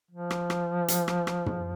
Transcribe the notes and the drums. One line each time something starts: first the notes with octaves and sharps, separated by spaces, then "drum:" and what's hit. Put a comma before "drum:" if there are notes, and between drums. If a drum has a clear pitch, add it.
F3
drum: rim click
drum: rim click
drum: hi-hat
drum: rim click
drum: rim click
drum: tom